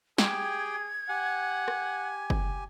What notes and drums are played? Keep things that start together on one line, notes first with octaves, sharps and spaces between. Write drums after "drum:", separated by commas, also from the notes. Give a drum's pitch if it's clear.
G4 G#4 G5 G#6, drum: snare
G4 F#5 G#5
drum: rim click
drum: kick F#1